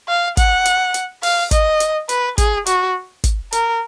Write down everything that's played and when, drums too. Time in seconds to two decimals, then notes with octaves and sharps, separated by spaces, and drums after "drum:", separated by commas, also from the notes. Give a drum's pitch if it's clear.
0.08 F5
0.37 F#5, drum: kick, hi-hat
0.65 drum: hi-hat
0.94 drum: hi-hat
1.23 F5, drum: open hi-hat
1.51 D#5, drum: kick, hi-hat
1.80 drum: hi-hat
2.09 B4, drum: hi-hat
2.38 G#4, drum: kick, hi-hat
2.66 F#4, drum: hi-hat
3.24 drum: kick, hi-hat
3.52 A#4, drum: hi-hat